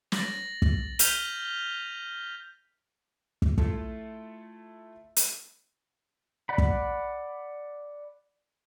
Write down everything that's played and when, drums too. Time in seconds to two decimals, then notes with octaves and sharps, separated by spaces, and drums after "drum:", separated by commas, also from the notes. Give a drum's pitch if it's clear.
0.12 A6 A#6 F#7, drum: snare
0.62 drum: kick
0.99 F6 G6 B6 D#7 F7 G7, drum: hi-hat
3.42 drum: kick
3.58 A3 E4 F4 A4, drum: kick
5.16 drum: hi-hat
6.49 D5 F#5 B5
6.58 drum: kick